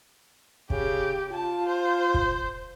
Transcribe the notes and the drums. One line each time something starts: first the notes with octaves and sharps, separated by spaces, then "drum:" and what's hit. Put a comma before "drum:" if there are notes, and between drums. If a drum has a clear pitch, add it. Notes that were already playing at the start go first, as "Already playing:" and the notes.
C#3 G4, drum: kick
F4 A5
C5
drum: kick